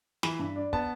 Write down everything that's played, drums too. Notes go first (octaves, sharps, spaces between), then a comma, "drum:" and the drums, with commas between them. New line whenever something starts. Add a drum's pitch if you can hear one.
E3 B5, drum: snare
G2
D4
B3 A5, drum: kick